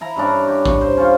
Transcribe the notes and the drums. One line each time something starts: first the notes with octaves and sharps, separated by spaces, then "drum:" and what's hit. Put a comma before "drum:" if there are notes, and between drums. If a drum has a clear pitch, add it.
E4 A#5 B5
G2 C#4 D4
G4
C#6, drum: kick A1
C5
C#4 F4 C5